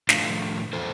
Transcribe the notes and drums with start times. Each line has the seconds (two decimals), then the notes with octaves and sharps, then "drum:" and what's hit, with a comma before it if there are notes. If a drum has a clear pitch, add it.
0.09 A2 F3 A3 D4 F4, drum: snare
0.73 E3 A3 A4 C5